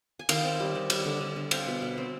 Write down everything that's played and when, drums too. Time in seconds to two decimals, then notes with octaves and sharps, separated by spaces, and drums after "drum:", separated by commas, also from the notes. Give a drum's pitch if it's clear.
0.19 G#5
0.29 D#3 F5 G5, drum: cymbal
0.44 C4
0.60 G3
0.75 D#3
0.90 G3, drum: cymbal
1.05 D3
1.21 D3
1.36 D3
1.51 C4 F5 G5, drum: cymbal
1.67 B2
1.82 B2
1.98 C4